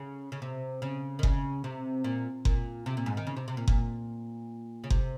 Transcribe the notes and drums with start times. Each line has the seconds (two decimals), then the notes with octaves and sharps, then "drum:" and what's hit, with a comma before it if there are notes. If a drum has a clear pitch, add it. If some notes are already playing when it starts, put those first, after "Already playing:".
Already playing: C#3
0.32 C#3
0.42 C3
0.82 C#3
1.19 D#3
1.23 C#3, drum: kick F#1
1.64 C3
2.04 A#2
2.45 A#2, drum: kick F#1
2.86 C3
2.97 A#2
3.06 G#2
3.17 D#3
3.27 C#3
3.36 C3
3.48 C3
3.57 A#2
3.68 A#2, drum: kick F#1
4.84 C#3
4.90 C3, drum: kick F#1